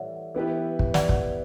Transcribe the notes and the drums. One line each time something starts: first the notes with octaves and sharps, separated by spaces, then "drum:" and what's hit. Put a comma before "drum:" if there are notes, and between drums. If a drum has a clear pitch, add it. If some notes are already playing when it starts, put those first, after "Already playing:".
Already playing: A2 E3 G3 C#5 D5 E5 F#5
E3 B3 E4 G4 B4
drum: kick
D5 F#5, drum: snare
drum: kick